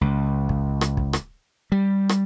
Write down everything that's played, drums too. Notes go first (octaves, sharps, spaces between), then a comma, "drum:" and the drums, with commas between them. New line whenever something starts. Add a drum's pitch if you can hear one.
C#2
drum: kick
drum: rim click
drum: kick
drum: rim click
G3
drum: rim click